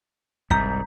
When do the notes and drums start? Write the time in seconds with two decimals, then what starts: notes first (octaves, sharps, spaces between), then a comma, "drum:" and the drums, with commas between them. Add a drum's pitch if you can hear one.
0.50 C2 G#2 A#5 G6 B6, drum: kick